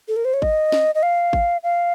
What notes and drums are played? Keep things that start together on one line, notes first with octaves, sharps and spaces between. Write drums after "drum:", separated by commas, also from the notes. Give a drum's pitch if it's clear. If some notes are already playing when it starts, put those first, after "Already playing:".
A4
A#4
C5
C#5
D#5, drum: kick G#1
drum: snare
D#5
F5
drum: kick G#1
F5